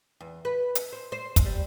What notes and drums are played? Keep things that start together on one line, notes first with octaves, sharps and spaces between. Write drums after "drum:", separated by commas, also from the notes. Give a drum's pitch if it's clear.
E2
B4
drum: hi-hat
C5
C5
drum: kick, hi-hat
G3